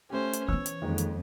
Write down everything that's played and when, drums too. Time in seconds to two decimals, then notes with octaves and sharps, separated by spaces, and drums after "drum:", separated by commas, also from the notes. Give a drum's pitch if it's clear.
0.10 A3 C#4 G4 C5
0.33 drum: hi-hat
0.48 E3 B3 C#5 E6
0.66 drum: hi-hat
0.82 F2 D#3 G#3 A#3
0.98 drum: hi-hat